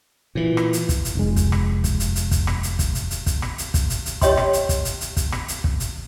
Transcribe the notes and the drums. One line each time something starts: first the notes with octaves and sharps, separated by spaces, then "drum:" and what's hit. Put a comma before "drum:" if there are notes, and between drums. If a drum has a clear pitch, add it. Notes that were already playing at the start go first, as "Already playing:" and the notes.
A#2 E3
drum: rim click
drum: hi-hat
drum: kick, hi-hat
drum: hi-hat
F1 G#3
drum: kick, hi-hat
drum: rim click
drum: kick, hi-hat
drum: hi-hat
drum: hi-hat
drum: kick, hi-hat
drum: rim click
drum: hi-hat
drum: kick, hi-hat
drum: hi-hat
drum: hi-hat
drum: kick, hi-hat
drum: rim click
drum: hi-hat
drum: kick, hi-hat
drum: hi-hat
drum: hi-hat
G4 C#5 D#5 G5 C6, drum: kick, hi-hat
drum: rim click
drum: hi-hat
drum: kick, hi-hat
drum: hi-hat
drum: hi-hat
drum: kick, hi-hat
drum: rim click
drum: hi-hat
drum: kick
drum: hi-hat